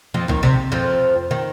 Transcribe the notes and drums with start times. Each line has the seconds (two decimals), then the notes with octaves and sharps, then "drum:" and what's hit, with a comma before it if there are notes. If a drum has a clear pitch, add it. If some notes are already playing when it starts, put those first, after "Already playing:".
0.14 F2 F3
0.28 D#2 D#3, drum: tom B1
0.43 C3
0.72 F2 F3
1.31 D#3